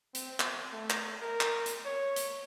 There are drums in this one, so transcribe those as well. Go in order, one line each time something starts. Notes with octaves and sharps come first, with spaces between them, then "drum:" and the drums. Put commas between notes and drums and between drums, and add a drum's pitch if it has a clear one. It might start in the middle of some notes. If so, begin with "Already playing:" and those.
C4, drum: hi-hat
drum: clap
A3
drum: clap
A#4
drum: clap
drum: hi-hat
C#5
drum: hi-hat